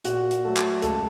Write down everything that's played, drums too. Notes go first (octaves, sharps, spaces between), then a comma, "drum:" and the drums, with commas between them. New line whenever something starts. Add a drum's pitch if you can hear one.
A#2 F#4, drum: hi-hat
drum: hi-hat
F#3 A3
drum: clap
C#2 A4, drum: hi-hat